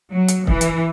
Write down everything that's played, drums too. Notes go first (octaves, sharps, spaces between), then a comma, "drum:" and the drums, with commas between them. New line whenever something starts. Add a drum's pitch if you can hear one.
F#3
drum: hi-hat
E3, drum: kick
drum: hi-hat